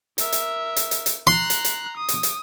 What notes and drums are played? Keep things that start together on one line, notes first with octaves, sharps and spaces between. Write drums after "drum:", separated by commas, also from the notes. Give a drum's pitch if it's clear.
A#4 E5, drum: hi-hat
drum: hi-hat
drum: hi-hat
drum: hi-hat
drum: hi-hat
A#5 C6 F#6
drum: hi-hat
drum: hi-hat
D#6
drum: hi-hat
drum: hi-hat